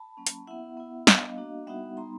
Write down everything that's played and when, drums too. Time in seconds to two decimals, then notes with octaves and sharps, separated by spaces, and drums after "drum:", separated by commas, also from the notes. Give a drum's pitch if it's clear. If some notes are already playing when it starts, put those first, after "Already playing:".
Already playing: A5 B5
0.17 F#3 A#3 C#4
0.27 drum: hi-hat
0.47 B3 E4 E5 F#5
0.77 B3 E4
1.07 G3 B3 D4 D#5 F5, drum: snare
1.37 A#3 D4 F#4
1.67 G3 B3 D#4 F#4 E5 F#5
1.97 G3 B3 D#4 A#5 C6